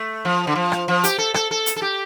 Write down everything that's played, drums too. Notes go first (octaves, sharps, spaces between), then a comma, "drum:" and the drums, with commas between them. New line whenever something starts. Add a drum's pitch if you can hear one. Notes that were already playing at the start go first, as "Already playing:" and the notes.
Already playing: A3
F3
D3
F3
drum: rim click
F3
G4, drum: hi-hat
A4
A4, drum: rim click
A4
drum: hi-hat
A4
G4